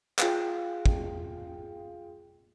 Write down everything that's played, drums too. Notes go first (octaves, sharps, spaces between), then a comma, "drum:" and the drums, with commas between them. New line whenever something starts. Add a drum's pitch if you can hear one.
F4 G#4 F5 G5, drum: clap
drum: kick